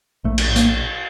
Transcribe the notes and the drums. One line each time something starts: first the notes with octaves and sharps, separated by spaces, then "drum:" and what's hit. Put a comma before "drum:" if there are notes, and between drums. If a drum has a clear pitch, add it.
A#1 A3
drum: cymbal
A2
A#3, drum: hi-hat